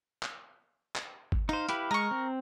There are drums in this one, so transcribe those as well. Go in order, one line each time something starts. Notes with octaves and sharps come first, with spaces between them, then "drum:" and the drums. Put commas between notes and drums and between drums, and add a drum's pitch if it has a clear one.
drum: clap
drum: clap
drum: kick
D#4 C5 F5
E4 G4 B4, drum: hi-hat
G#3 A#4 C#6
C4